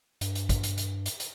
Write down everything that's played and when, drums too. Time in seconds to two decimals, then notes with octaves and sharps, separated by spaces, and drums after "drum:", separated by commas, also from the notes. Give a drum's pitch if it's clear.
0.21 G2, drum: hi-hat
0.35 drum: hi-hat
0.49 drum: kick, hi-hat
0.63 drum: hi-hat
0.78 drum: hi-hat
1.06 drum: hi-hat
1.20 drum: hi-hat